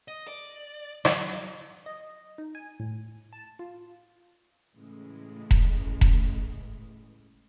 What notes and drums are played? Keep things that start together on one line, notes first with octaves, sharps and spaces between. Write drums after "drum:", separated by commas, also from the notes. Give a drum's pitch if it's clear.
D#5
D5
F#3, drum: rim click
D#5
D#4
G#5
A2
A5
F4
A2 C#3 E3 G#3
drum: kick E1
drum: kick E1